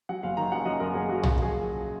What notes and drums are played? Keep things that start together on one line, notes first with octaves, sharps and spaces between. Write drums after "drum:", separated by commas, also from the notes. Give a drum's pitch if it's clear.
F#3 F#5
F#1 F5
D#3 A#5
F#2 F#5
F#2 D#5
F#1 A#4
F#1 G#4
F#3 F#4
C#3 F#4, drum: tom
F3 G#4, drum: kick